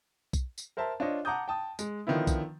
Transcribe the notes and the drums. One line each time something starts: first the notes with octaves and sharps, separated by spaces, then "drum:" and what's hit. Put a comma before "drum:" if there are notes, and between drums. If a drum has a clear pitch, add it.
drum: kick, tambourine
drum: tambourine
A#4 C5 E5 A5 A#5
D4 F4 C5 C#5 D#5
F#5 A5 A#5 D6 D#6 G6
G5 A5 D#6
G#3, drum: tambourine
D3 D#3 F3 B3 E4
drum: kick, tambourine